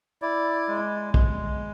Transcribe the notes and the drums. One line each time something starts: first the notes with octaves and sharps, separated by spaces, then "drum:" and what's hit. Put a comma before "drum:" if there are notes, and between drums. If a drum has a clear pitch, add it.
E4 D5
G#3
G#3, drum: kick A#1